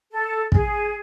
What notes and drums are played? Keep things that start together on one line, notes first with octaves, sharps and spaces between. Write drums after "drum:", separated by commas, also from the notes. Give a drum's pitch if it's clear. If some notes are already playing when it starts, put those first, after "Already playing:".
A4
G#4, drum: kick